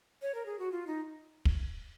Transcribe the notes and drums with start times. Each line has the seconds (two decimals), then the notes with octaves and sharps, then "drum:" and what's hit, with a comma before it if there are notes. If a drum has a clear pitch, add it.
0.22 C#5
0.35 A#4
0.46 G#4
0.59 F#4
0.72 F4
0.87 D#4
1.45 drum: kick